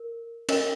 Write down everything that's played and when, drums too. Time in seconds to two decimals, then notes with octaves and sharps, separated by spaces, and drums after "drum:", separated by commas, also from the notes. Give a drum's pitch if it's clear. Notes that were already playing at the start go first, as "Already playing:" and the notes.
Already playing: A#4
0.49 C#4 A#4 D#5 G5, drum: cymbal